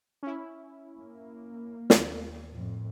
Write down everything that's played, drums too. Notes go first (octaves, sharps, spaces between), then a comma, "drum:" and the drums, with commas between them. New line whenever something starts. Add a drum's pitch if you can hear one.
C#4 E4
A#3
D#2, drum: snare
F2 A2